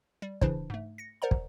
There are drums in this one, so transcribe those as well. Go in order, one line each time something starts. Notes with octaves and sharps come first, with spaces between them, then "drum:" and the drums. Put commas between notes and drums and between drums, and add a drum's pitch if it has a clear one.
G3
C#3 E3 D4 E4 C5, drum: kick
G#2 A3
A#6 C#7
A#4 C5 D5 F#5 A#5
drum: kick